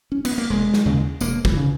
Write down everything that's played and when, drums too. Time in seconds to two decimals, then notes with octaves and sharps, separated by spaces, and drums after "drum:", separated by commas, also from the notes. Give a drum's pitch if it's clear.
0.12 C#4
0.25 B3, drum: cymbal
0.38 A#3
0.50 E1 G#3
0.74 drum: snare
0.85 D#2 C#3
1.21 E1 A#3, drum: tambourine
1.45 E3, drum: kick
1.56 C#3